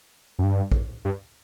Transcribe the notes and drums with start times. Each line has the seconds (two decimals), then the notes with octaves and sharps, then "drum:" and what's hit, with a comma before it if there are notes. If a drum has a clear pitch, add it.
0.39 F#2
0.43 G2
0.72 drum: kick A#1
1.05 G2